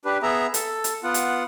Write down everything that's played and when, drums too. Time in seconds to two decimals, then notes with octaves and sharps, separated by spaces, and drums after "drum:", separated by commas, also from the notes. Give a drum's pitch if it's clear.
0.05 D4 G4 B4
0.22 B3 G#4 E5 A#5
0.54 A4, drum: hi-hat
0.84 drum: hi-hat
1.03 B3 F4 F#5
1.14 drum: hi-hat